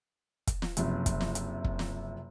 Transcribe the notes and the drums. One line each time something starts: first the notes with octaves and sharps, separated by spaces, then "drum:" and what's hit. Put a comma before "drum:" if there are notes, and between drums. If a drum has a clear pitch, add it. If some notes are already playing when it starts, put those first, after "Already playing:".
drum: kick, hi-hat
drum: snare
F#1 C3 F3, drum: hi-hat
drum: kick, hi-hat
drum: snare
drum: hi-hat
drum: kick
drum: snare